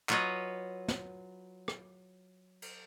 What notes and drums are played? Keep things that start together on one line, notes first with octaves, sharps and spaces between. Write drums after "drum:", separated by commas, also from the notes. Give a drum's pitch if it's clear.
F#3 F4 B4 C#5 D#5, drum: clap
drum: snare
drum: rim click
drum: cymbal